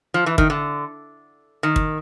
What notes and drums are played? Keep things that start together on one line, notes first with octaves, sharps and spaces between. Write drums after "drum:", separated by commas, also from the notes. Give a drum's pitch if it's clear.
F3
E3
D#3, drum: kick
D3
D#3
drum: kick